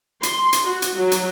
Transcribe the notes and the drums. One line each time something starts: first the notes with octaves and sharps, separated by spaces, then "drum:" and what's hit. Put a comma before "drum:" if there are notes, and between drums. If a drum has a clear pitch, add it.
C6, drum: hi-hat
drum: hi-hat
F#4
drum: hi-hat
F#3
drum: hi-hat